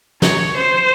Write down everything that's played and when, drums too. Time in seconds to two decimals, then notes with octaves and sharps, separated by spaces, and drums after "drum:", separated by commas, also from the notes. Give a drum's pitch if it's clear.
0.22 C#5, drum: snare
0.57 C5